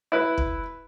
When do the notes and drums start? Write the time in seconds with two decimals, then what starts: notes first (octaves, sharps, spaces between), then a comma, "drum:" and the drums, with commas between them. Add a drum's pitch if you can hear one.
0.12 E4 B4
0.38 drum: kick